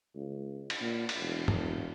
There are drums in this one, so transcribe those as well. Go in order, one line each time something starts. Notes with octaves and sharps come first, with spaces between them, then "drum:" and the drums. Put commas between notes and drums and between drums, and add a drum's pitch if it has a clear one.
C#2
drum: cymbal
A#2
drum: cymbal
E1
E1, drum: tom